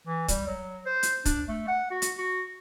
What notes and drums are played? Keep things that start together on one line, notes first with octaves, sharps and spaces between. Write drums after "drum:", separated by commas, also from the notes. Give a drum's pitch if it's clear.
E3
G3, drum: kick, hi-hat
F#3
C5
drum: hi-hat
D4, drum: kick, hi-hat
A3
F#5
F#4
drum: hi-hat
F#4